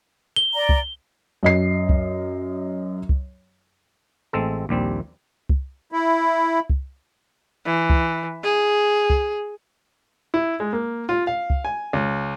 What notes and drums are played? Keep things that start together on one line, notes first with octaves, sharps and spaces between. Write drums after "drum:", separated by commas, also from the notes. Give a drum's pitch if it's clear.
G7
D5 A#5
drum: kick C2
F#2 D#5 C7
drum: kick C2
drum: kick C2
A1 G#3 C4 A4
A#1 D#2 G3 C4
drum: kick C2
E4
drum: kick C2
E3
drum: kick C2
G#4
drum: kick C2
E4
G#3
A#3
F4
F5
drum: kick C2
G#5
C#2